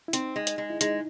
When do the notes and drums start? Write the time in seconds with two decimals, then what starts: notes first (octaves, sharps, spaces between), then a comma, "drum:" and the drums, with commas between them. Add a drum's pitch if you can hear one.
0.08 E4
0.13 C4 D#4, drum: hi-hat
0.36 G#3
0.47 drum: hi-hat
0.58 G#3
0.70 E4
0.81 G#3 D#4, drum: hi-hat